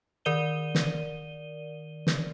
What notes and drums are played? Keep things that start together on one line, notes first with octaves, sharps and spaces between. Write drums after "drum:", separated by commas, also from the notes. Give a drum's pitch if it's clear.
D#3 A#4 D5 D#7 G7
drum: snare
drum: snare